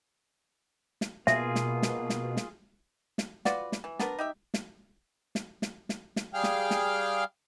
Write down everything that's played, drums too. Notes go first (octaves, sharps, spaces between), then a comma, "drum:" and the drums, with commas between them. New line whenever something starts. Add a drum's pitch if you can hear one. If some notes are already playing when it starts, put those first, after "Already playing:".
drum: snare
B2 A#3 F4 G#4 E5, drum: snare
drum: snare
drum: snare
drum: snare
drum: snare
drum: snare
F4 F#4 B4 D5, drum: snare
drum: snare
E3
B3 D4 A#4 B4, drum: snare
D#4 G4 E5
drum: snare
drum: snare
drum: snare
drum: snare
drum: snare
G3 G#4 F5 G5 F6
drum: snare
drum: snare